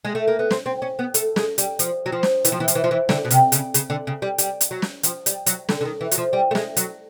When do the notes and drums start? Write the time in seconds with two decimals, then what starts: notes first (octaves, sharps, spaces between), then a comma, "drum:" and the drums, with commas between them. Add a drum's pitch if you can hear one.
0.05 G#3
0.15 A3
0.28 A#3
0.39 B3
0.51 C4, drum: snare
0.66 C4
0.82 C#4
0.99 B3
1.14 A3, drum: hi-hat
1.36 G#3, drum: snare
1.58 G3, drum: hi-hat
1.79 F3, drum: hi-hat
2.06 F#3
2.12 F3
2.23 drum: snare
2.45 E3, drum: hi-hat
2.52 F3
2.60 E3
2.68 F3, drum: hi-hat
2.75 E3
2.84 F3
2.91 E3
3.09 D3, drum: snare
3.25 B2
3.31 C3, drum: hi-hat
3.52 C#3, drum: hi-hat
3.74 C#3, drum: hi-hat
3.90 D3
4.07 C#3
4.22 G3
4.38 G3, drum: hi-hat
4.61 drum: hi-hat
4.71 F#3
4.82 drum: snare
5.03 F3, drum: hi-hat
5.26 G3, drum: hi-hat
5.46 F#3, drum: hi-hat
5.69 D3, drum: snare
5.81 D3
5.85 D#3
6.01 E3
6.11 F#3, drum: hi-hat
6.18 F3
6.33 G3
6.51 A3
6.55 G#3, drum: snare
6.77 F#3, drum: hi-hat